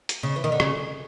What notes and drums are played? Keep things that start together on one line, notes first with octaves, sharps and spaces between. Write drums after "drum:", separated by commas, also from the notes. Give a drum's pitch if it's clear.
drum: hi-hat
C#3
E3
D#3
D3
C#3, drum: rim click